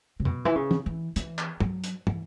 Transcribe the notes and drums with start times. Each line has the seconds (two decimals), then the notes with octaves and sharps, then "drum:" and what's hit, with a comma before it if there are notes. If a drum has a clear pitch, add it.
0.20 C#3
0.25 B2, drum: tom
0.45 E3
0.56 C#3
0.71 drum: tom
0.86 E3
1.16 E3, drum: hi-hat
1.38 drum: clap
1.60 F#3, drum: tom
1.84 drum: hi-hat
2.07 E3, drum: tom